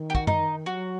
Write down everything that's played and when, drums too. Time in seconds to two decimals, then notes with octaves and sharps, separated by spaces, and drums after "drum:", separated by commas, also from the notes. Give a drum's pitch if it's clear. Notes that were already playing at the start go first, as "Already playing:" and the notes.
Already playing: D#3
0.10 G4
0.15 F#4, drum: kick
0.27 D#4, drum: tom F#2
0.66 F#3 F#4